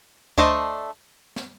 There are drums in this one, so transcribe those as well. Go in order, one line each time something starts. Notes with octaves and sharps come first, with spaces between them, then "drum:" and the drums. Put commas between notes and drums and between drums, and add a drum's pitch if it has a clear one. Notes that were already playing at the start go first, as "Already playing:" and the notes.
A3 D4 A4 C5 D#5, drum: kick D2
drum: snare